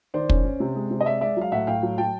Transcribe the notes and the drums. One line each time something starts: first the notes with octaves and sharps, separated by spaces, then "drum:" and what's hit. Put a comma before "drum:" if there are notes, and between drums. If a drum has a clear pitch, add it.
D#3 C5 D5
C#4, drum: kick
C#4
C3
G#3
C3
D#5
G#3 D5 E5
G#3 D5 E5
F#3 F5
A2 E5 F#5
A2 F5 G5
F#3
F#3 G5 A5